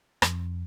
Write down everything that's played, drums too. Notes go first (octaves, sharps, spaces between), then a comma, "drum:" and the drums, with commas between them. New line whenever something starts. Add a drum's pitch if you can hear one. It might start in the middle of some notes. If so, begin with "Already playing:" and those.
F2, drum: rim click